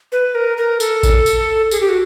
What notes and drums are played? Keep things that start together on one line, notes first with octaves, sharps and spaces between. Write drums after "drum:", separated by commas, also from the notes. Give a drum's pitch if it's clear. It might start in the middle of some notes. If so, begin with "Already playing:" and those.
B4
A#4
A#4
A4, drum: tambourine
drum: kick A1, tambourine
drum: tambourine
G#4, drum: tambourine
G4
F#4